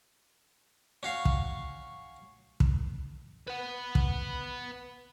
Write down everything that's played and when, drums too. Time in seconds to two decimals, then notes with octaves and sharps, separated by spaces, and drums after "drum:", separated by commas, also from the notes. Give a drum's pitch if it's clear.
1.03 C#4 F#4 F5
1.25 drum: kick
2.60 drum: kick
3.48 B4 F#5
3.95 drum: kick